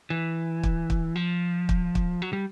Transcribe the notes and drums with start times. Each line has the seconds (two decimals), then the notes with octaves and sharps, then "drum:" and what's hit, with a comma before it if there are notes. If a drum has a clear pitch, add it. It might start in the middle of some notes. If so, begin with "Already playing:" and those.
0.10 E3
0.63 drum: kick
0.90 drum: kick
1.16 F3
1.69 drum: kick
1.95 drum: kick
2.22 F#3
2.33 G3